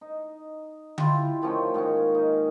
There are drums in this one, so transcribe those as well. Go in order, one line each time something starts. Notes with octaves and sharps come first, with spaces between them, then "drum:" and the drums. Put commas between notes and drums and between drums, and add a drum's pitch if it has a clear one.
D#4
E4 F4 G4, drum: tom D3
D#3 F3 A3 C#4
G#2 D#3 A#3 C#4
D#4